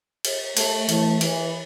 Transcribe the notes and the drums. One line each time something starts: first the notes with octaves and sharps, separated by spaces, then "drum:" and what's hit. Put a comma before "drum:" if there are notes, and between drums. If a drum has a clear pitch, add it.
drum: cymbal
A3, drum: cymbal
E3 A3, drum: cymbal
E3, drum: cymbal